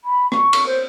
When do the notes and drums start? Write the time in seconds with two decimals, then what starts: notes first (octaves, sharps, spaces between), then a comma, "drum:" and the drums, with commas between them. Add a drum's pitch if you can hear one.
0.04 B5
0.32 C#6, drum: rim click
0.53 drum: cymbal
0.67 C5